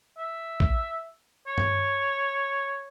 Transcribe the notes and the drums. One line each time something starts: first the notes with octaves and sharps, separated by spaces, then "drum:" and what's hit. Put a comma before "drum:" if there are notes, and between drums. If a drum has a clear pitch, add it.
E5
drum: kick
C#5
drum: tom G2